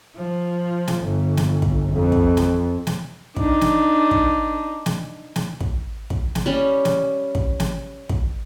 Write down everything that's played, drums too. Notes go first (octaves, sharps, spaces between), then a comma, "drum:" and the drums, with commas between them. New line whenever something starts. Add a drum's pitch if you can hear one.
F3
drum: snare
G1
drum: snare
drum: kick
F2
drum: kick
drum: snare
drum: snare
D4 D#4, drum: kick
drum: snare
drum: kick
drum: snare
drum: snare
drum: kick
drum: kick
drum: snare
G3 C#4
drum: snare
drum: kick
drum: snare
drum: kick